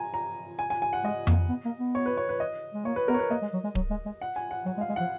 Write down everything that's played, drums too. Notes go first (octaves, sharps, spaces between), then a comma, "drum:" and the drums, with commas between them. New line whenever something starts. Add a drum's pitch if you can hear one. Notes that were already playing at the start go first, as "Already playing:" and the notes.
Already playing: G#5 A#5
A#5
G#5
G#5
G#5
F#5
G#3 D#5
A#3, drum: tom F2
B3
A#3
B3
C#5
B4
C#5
B4
D#5
G#3
A#3 C#5
B4
B3 A#4
C#5
B4
A#3 D#5
G#3
F#3
G#3
F#3, drum: kick D1
G#3
G#3
F#5
G#5
F#5
F#3 F#5
G#3
F5
G#3
F3 F#5